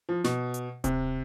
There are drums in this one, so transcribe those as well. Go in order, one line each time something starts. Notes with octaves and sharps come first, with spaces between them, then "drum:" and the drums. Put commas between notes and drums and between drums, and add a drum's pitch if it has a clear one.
F3
B2, drum: snare
drum: hi-hat
C3, drum: kick D1, hi-hat